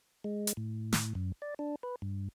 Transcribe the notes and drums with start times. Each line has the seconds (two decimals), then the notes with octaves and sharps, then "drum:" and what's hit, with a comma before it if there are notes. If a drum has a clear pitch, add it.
0.24 G#3
0.47 drum: hi-hat
0.57 A2
0.92 drum: snare
1.15 F#2
1.42 D5
1.59 D4
1.83 B4
2.02 G2